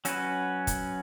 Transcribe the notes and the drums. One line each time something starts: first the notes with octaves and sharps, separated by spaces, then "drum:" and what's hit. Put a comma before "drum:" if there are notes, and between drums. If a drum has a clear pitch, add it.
F#3 C#4 F#4 B4, drum: hi-hat
drum: kick, hi-hat